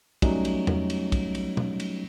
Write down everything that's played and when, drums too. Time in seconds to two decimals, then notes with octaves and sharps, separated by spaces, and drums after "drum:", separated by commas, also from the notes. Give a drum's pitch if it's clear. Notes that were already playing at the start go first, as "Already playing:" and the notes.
0.22 F#3 G3 A3 C#4 D#4, drum: kick, cymbal
0.45 drum: cymbal
0.67 drum: tom
0.90 drum: cymbal
1.12 drum: kick, cymbal
1.35 drum: cymbal
1.57 drum: tom B2
1.80 drum: cymbal